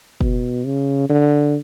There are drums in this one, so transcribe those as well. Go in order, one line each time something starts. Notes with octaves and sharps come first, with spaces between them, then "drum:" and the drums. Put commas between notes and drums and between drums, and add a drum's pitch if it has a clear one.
B2, drum: kick
C#3
D3